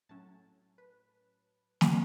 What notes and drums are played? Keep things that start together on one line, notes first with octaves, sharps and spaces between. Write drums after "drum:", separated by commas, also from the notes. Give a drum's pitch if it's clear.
A2 F#3 C#4 A5
B4
drum: snare